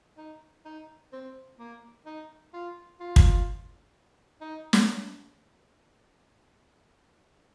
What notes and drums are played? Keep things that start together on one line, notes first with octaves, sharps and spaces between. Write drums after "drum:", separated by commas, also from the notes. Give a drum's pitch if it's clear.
D#4
D#4
C4
A#3
D#4
F4
F4
drum: kick
D#4
drum: snare